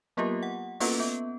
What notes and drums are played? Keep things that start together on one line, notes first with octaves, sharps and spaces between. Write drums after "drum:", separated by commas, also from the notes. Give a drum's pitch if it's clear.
F#3 A#3 B3 F4 G4 A#4
F#5
A#3 B3 C#4 F4 A4 B4, drum: open hi-hat
B3